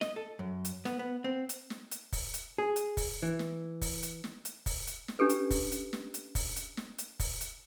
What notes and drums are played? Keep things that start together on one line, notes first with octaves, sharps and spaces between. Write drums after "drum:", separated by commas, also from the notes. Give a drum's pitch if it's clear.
D#5, drum: snare
A4
F#2
drum: hi-hat
B3, drum: snare
B3
C4
drum: hi-hat
drum: snare
drum: hi-hat
drum: kick, open hi-hat
drum: hi-hat
G#4
drum: hi-hat
drum: kick, open hi-hat
E3
drum: snare
drum: kick, open hi-hat
drum: hi-hat
drum: snare
drum: hi-hat
drum: kick, open hi-hat
drum: hi-hat
drum: snare
C#4 D4 G4 A4 B4
drum: hi-hat
drum: kick, open hi-hat
drum: hi-hat
drum: snare
drum: hi-hat
drum: kick, open hi-hat
drum: hi-hat
drum: snare
drum: hi-hat
drum: kick, open hi-hat
drum: hi-hat